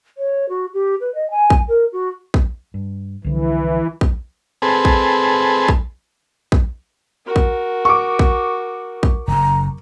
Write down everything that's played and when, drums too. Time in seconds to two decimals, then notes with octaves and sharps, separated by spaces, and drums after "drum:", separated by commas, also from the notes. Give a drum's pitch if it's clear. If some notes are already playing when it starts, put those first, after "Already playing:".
0.18 C#5
0.49 F#4
0.73 G4
1.00 B4
1.15 D#5
1.30 G#5
1.50 drum: kick
1.68 A#4
1.92 F#4
2.34 drum: kick
2.74 G2
3.24 C2 D3 E3 F3
4.01 drum: kick
4.62 C4 G#4 A4 B4
4.85 drum: kick
5.68 drum: kick
6.52 drum: kick
7.26 F#4 A#4
7.36 drum: kick
7.85 C#6 D6
8.19 drum: kick
9.03 drum: kick
9.28 F#1 F#2 A#5